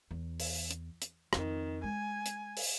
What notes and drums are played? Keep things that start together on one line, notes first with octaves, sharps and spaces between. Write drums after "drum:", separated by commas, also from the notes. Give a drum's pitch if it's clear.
E2
drum: open hi-hat
drum: hi-hat
drum: hi-hat
F2 D#3 C4, drum: rim click
G#3 G#5
drum: hi-hat
drum: open hi-hat